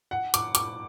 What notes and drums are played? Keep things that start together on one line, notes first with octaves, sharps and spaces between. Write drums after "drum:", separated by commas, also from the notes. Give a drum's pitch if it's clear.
F#5
D6, drum: hi-hat
D6, drum: hi-hat